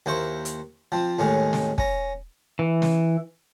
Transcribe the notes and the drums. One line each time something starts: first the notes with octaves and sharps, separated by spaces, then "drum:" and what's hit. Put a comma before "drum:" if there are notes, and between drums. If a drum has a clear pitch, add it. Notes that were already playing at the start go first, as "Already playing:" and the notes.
D#2 A#3 E4 C5 C#6
drum: hi-hat
F3 C4
D#2 A2 D#3 G#3 C#4
drum: snare
C#4 A#5, drum: kick
E3
drum: snare